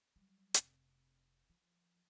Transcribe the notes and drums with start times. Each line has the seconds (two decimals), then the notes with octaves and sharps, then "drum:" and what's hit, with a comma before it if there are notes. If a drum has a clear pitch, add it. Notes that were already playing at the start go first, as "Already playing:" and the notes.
0.16 F#3 G3
0.54 F1 C3, drum: hi-hat
1.50 F3